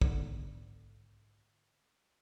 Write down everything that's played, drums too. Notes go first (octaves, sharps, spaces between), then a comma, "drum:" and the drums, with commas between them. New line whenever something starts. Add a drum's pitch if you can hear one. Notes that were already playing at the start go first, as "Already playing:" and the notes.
G#2 D3 B3, drum: kick